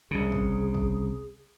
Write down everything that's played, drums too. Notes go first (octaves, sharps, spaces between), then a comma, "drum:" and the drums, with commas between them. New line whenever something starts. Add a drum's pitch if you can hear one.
C2 C#3 G#4
drum: kick
drum: kick